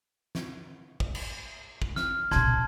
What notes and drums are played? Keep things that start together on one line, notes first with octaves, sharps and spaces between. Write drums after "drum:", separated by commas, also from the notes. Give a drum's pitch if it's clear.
drum: snare
drum: kick
drum: cymbal
drum: kick
F6, drum: snare
A#1 B2 A5 C6 G#6, drum: snare